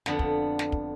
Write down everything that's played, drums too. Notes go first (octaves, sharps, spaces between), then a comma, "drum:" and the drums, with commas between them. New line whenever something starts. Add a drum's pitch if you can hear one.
F2 D3 B3 D4, drum: snare
drum: kick
drum: snare
drum: kick